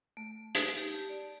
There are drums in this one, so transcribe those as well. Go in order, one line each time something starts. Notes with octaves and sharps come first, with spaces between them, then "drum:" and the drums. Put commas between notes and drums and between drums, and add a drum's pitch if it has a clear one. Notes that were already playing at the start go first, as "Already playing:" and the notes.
A3
D#4, drum: hi-hat
G4
A5
D5